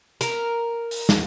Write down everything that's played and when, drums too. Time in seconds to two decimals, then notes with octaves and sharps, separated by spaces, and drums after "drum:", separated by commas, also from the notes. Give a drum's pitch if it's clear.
0.21 A#4, drum: hi-hat
0.91 drum: open hi-hat
1.09 drum: snare